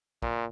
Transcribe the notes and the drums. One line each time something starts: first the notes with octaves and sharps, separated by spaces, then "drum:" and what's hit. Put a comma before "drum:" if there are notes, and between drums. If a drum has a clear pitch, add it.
A#2, drum: kick